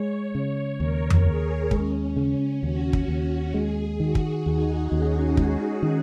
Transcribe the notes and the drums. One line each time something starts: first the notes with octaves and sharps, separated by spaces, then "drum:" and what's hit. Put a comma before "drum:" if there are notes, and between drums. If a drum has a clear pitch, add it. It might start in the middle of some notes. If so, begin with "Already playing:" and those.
Already playing: G#3 C#5
C#3
D#2 A#4
drum: tom F2
D#2 G#4
G#3 C#4, drum: kick
C#3
D#2 F#4
drum: kick
D#2
G#3 G#4
D#3 F#4
drum: kick
D#2 D#4
D#2 C#4
G#3, drum: kick
D#3